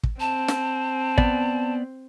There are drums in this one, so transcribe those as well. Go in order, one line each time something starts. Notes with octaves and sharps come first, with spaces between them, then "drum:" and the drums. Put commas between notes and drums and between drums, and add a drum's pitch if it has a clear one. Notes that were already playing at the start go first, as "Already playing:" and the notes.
drum: kick
C4 A5
drum: snare
B3 D5, drum: kick